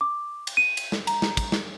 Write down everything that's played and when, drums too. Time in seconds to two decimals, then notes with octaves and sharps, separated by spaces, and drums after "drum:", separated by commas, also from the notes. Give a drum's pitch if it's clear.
0.01 D6
0.47 drum: cymbal
0.57 D#7
0.77 drum: cymbal
0.92 drum: snare
1.07 A#5, drum: cymbal
1.22 drum: snare
1.37 drum: kick, cymbal
1.52 drum: snare